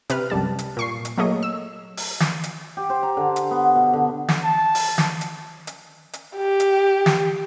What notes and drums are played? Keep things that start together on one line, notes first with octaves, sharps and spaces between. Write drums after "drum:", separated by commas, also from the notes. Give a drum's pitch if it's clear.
C3 B4 F6, drum: hi-hat
C2 F#2 G3 A5
drum: hi-hat
A#2 C#6 C7
drum: hi-hat
F#3 A3 A#3 G#4 C#5 D#5
E6
drum: open hi-hat
drum: snare
drum: hi-hat
G4
C5
A#5
D3
drum: hi-hat
B3
B2
D3
drum: snare
A5
drum: open hi-hat
drum: snare
drum: hi-hat
drum: hi-hat
drum: hi-hat
G4
drum: hi-hat
drum: snare